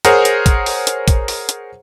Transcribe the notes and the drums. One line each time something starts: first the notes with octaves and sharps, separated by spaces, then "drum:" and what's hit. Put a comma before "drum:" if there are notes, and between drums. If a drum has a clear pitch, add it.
G#4 A#4 C5 C#5 F#5 A#5, drum: hi-hat
drum: hi-hat
drum: kick, hi-hat
drum: open hi-hat
drum: hi-hat
drum: kick, hi-hat
drum: open hi-hat
drum: hi-hat